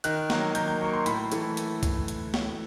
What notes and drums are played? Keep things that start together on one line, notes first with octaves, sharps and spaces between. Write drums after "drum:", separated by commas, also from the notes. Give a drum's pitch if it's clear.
D#3 F#6, drum: hi-hat
F#3 A#3, drum: snare
D#3 G6, drum: hi-hat
G6
F#3 A#3 C#6
C6
A2 B5, drum: hi-hat
E3 A3, drum: hi-hat
drum: hi-hat
drum: kick C2, hi-hat
drum: hi-hat
drum: snare